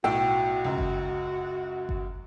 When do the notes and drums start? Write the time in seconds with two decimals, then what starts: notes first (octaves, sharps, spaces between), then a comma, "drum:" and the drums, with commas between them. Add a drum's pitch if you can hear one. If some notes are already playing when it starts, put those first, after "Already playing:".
0.04 B1 A2 F#4 G5 E6
0.65 C#2 F#2
0.78 drum: kick G1
1.89 drum: kick G1